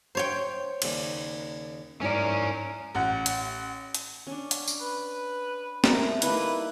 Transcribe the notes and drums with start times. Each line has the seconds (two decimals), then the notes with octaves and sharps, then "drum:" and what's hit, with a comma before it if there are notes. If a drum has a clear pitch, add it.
0.15 C5 C#5 G5
0.82 D#2 C#3 D5, drum: cymbal
2.01 G#2 C#4 E4 A#4 D5
2.95 A1 F#5
3.26 drum: hi-hat
3.95 drum: hi-hat
4.27 C#4 D4
4.51 drum: hi-hat
4.68 drum: tambourine
4.81 B4
5.84 G3 A3 A#4 A5, drum: snare
6.22 A#3 D#4 E4 B4, drum: hi-hat